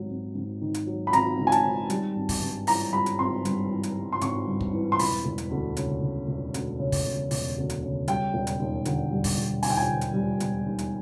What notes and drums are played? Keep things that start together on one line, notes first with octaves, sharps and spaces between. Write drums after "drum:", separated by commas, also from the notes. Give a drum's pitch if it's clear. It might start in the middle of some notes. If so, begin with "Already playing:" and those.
Already playing: G#1 G#2 D#3 F#3
G#1
G#2
D#3
drum: hi-hat
F#3
B5
G#1 A#5, drum: hi-hat
G#2
G#5
A5, drum: hi-hat
D#3
G3, drum: hi-hat
G#1
drum: kick, open hi-hat
G2
E3 A#5, drum: open hi-hat
G3 B5
drum: hi-hat
G#1 C6
G2, drum: hi-hat
E3
drum: hi-hat
G3
C6
G#1 C#6, drum: hi-hat
G2
drum: kick
E3
C6
E1 B5, drum: open hi-hat
E1
drum: hi-hat
D2
C#3, drum: hi-hat
E1
E1
D2, drum: hi-hat
C#3
drum: kick, open hi-hat
E1
E1, drum: open hi-hat
D2
drum: hi-hat
C#3
G3 G5, drum: hi-hat
E1
drum: hi-hat
D#2
D3, drum: hi-hat
G3
drum: kick, open hi-hat
E1
D#2 G#5, drum: open hi-hat
G5
G#5
D3
drum: hi-hat
G3
E1, drum: hi-hat
D#2
drum: hi-hat